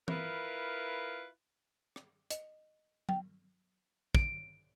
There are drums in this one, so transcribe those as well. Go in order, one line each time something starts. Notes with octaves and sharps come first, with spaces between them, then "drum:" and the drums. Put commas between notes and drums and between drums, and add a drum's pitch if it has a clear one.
E4 F4 A#4 B4, drum: tom E3
drum: rim click
D#5, drum: hi-hat
G5, drum: tom F#3
D7, drum: kick